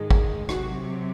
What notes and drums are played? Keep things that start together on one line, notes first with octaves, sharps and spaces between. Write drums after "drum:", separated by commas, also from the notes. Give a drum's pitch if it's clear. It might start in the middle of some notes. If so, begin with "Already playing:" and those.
Already playing: G#2 D#3 G#3
drum: kick
C3 F#3 F#4, drum: rim click